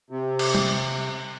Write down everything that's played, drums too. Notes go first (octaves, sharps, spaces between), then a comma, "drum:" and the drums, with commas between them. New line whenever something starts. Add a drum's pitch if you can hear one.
C3
drum: cymbal
drum: tom